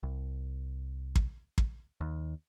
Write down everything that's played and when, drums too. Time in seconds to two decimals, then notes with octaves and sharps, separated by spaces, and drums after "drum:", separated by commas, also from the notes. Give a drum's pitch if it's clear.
0.03 C2
1.15 drum: kick
1.58 drum: kick
2.01 D#2